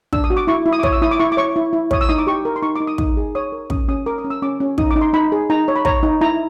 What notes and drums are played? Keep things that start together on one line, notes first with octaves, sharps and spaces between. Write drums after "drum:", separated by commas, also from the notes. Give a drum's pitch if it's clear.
D4 E6, drum: kick
D#6
F#4
D6
E4 C#6
E4
D#6
D6
C#5 D#6, drum: kick
E6
E4 D#6
D6
E4 C#6
D6
C#5 C#6
E4
E4
C#5 D#6, drum: kick
E6
D#4 D#6
D6
G4 C#6
A#4
C6
D#4 C#6
D#4 D6
D#6
D#4 D#6, drum: kick
G#4
C#5 D#6
A#4
C#4 D#6, drum: kick
C#4 D#6
A#4 D6
D#6
C#4
E6
C#4 D6
C#4
D#4 D#6, drum: kick
D6
D#4
C6
D#4 B5
G#4
D#4 A#5
C#5
B5
C#5 A#5, drum: kick
D#4
E4 A#5